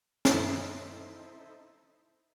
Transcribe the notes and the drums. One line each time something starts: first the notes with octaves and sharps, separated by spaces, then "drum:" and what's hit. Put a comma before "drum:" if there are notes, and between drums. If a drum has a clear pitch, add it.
D#4 E4 A4 C5 D#5 E5, drum: snare